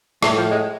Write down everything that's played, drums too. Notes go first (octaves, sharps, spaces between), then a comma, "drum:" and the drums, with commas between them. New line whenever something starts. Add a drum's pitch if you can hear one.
A2 E3, drum: rim click
F3
G#3